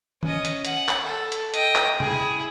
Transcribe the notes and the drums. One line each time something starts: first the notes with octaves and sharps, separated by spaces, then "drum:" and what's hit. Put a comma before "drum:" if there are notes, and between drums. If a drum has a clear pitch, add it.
C#4 D#5, drum: tom
drum: hi-hat
F#5, drum: hi-hat
drum: clap
A4
drum: hi-hat
D#5 G5, drum: hi-hat
drum: clap
E4 G#4, drum: tom C3